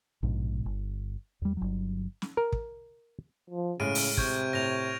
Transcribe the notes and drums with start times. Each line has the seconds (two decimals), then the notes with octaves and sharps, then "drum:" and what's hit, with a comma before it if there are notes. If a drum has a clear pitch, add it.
0.23 A#1 G#2 B2
0.66 G1
1.42 E2 G3
1.57 G1 F#3
2.22 drum: snare
2.37 A#4
2.52 drum: kick
3.50 F3
3.80 A2 C#3 G#3 F6 D7 D#7
3.95 drum: open hi-hat
4.17 C3 C#6 G6 G#6, drum: kick
4.53 A2 A#6 F7